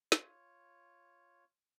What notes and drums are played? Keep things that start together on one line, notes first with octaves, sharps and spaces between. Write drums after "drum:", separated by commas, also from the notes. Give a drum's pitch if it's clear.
F4 C#5, drum: snare